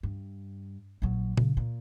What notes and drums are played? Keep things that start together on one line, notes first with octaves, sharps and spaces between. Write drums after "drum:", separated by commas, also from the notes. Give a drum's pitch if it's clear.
G2
A#1 F#3
C#3, drum: tom A#2
A#2